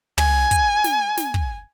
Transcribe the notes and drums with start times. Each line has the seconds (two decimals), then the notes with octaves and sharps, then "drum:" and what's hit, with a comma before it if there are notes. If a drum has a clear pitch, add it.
0.18 G#5, drum: tom
0.51 drum: kick, hi-hat
0.84 drum: snare
1.17 drum: snare
1.34 drum: kick